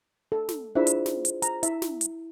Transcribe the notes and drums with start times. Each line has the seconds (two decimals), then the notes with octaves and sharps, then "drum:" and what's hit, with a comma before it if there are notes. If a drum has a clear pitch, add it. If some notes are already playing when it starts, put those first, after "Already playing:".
0.32 A4
0.49 drum: snare
0.75 D4 E4 F4 G#4 C5 E5
0.87 drum: hi-hat
1.06 drum: snare
1.25 drum: hi-hat
1.42 A#5, drum: hi-hat
1.63 E4 E5, drum: hi-hat
1.82 drum: snare
2.01 drum: hi-hat